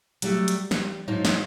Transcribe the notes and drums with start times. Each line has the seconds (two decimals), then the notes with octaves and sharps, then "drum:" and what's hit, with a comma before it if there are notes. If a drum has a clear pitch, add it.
0.22 F#3 G3 A3, drum: hi-hat
0.48 drum: hi-hat
0.71 G3, drum: snare
1.08 G#2 F3 F#3 D#4 F4
1.25 drum: snare